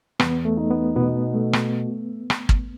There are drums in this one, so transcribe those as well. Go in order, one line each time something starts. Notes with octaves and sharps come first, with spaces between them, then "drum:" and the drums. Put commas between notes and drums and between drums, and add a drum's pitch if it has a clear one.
E2 B3, drum: rim click
A3
D#4
B3
B2 B3
A3
drum: rim click
drum: rim click
drum: kick